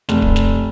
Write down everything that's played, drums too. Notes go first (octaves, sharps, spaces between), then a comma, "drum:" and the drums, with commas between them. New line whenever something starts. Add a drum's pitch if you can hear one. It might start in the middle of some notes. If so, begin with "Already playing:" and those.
F1, drum: snare
drum: kick D1
drum: snare